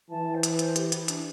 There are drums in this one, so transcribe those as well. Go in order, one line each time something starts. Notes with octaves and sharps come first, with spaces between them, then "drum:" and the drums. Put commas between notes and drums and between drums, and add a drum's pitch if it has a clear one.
E3 A5
C5
B4, drum: hi-hat
C5, drum: hi-hat
G4, drum: hi-hat
E4, drum: hi-hat
D4, drum: hi-hat